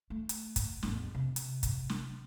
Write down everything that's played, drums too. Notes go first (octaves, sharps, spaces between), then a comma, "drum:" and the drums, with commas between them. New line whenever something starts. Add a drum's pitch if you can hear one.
A3
drum: hi-hat
drum: kick, hi-hat
A1 E2, drum: snare
C3
drum: hi-hat
drum: kick, hi-hat
drum: snare